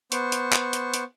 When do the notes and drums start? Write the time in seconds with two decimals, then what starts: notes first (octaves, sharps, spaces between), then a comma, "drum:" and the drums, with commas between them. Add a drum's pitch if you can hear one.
0.12 B3 C5 C#6, drum: hi-hat
0.32 drum: hi-hat
0.53 drum: clap
0.73 drum: hi-hat
0.94 drum: hi-hat